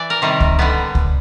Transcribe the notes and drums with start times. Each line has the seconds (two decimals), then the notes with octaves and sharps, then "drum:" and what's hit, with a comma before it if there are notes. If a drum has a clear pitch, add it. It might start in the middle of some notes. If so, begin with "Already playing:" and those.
Already playing: E3 D5
0.10 A#4
0.22 C3 D#3 G3
0.40 drum: kick C#2
0.59 D3 G3 B3
0.95 drum: kick C#2